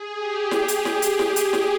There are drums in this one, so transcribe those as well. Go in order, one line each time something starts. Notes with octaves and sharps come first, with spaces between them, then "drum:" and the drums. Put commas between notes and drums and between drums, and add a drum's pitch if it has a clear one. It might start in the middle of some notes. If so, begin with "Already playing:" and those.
Already playing: G#4
G4
drum: snare
drum: hi-hat
drum: snare
drum: hi-hat
drum: snare
drum: hi-hat
drum: snare